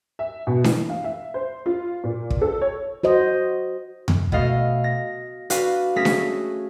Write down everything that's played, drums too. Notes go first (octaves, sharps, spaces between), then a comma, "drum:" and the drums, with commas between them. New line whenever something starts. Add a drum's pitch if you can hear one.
E5
B2
E3, drum: snare D4
F5
E5
C5
F4
A#2
drum: kick
A4
C#5
F#4 C5 D#5
drum: tom E2
B2 A3 D#5 F5, drum: kick
A#6
D4 F#4 B4 F5, drum: hi-hat
A3 C#4 G#4 D#6 A#6 B6
drum: snare D4